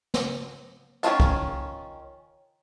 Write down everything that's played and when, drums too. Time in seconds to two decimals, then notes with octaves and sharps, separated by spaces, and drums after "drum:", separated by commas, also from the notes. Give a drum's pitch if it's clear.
0.14 drum: snare
1.03 D#3 C#4 D#4 F4 A5, drum: hi-hat
1.20 drum: kick